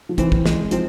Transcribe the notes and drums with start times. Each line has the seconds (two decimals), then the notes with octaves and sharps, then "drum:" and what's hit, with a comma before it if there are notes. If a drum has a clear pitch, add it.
0.09 F3
0.18 E3 C4, drum: kick, hi-hat
0.32 drum: kick
0.46 G#3, drum: snare
0.71 F3 C4, drum: hi-hat